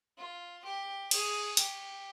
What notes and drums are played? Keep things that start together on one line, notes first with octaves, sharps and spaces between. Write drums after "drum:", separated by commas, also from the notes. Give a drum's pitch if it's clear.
F4
G4
G#4, drum: cymbal
G4, drum: hi-hat